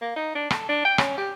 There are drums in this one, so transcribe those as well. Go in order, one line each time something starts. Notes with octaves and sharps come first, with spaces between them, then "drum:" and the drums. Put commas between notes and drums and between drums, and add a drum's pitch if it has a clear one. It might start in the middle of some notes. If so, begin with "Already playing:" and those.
A#3
D#4
D4
A4, drum: rim click
D4
G5
C#4, drum: rim click
G4